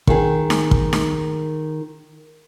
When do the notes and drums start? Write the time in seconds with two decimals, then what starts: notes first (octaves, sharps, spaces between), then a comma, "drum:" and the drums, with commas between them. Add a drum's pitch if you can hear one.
0.07 D#3 G#4, drum: kick
0.50 drum: snare D#4
0.71 drum: kick
0.93 drum: snare D#4